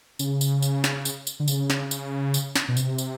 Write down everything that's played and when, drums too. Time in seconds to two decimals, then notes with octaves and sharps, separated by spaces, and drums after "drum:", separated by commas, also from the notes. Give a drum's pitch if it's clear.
0.19 C#3, drum: tambourine
0.41 drum: tambourine
0.62 drum: tambourine
0.84 drum: snare
1.05 drum: tambourine
1.27 drum: tambourine
1.40 D3
1.48 C#3, drum: tambourine
1.70 drum: snare
1.91 drum: tambourine
2.34 drum: tambourine
2.55 drum: snare
2.68 B2
2.77 C3, drum: tambourine
2.98 drum: tambourine